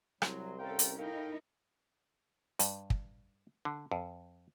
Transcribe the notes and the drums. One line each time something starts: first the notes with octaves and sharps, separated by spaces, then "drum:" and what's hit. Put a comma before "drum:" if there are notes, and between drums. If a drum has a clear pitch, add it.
C2 F#3 C6, drum: rim click
C#4 A4 A#4 F5 G5
drum: hi-hat
A2 D#4 E4 A#4 F5 G5
G2, drum: hi-hat
drum: kick
D3
F2